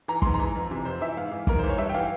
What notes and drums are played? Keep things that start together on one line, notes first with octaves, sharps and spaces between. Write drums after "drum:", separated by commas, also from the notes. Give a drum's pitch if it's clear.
E3 A#5
G#2 C6, drum: kick
A#5
E3
F2
C3 E3
F2 C5
E3 E5
G#2 F5
E3
G#2 A#4, drum: kick
C5
E3
C#5
G2 E5
G5
E3 F5